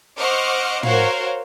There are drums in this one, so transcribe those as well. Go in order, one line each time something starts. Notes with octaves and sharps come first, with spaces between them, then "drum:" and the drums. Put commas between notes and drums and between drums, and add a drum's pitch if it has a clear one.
C5 D#5 F#5 C#6 D6 F6
F#4 A#4 C5 C#5 F5 F#5, drum: tom